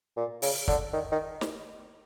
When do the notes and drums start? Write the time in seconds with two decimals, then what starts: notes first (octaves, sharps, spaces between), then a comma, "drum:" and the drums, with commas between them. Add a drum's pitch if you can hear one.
0.17 A#2
0.42 C#3, drum: open hi-hat
0.68 D3, drum: kick
0.93 D#3
1.12 D#3
1.41 drum: snare